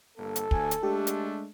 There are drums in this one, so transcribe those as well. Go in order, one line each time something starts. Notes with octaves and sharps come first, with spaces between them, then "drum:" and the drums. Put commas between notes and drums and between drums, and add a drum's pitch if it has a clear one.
G1 A#3 A4
drum: hi-hat
D2 G#5, drum: kick
drum: hi-hat
G#3 A3 D4 G4
drum: hi-hat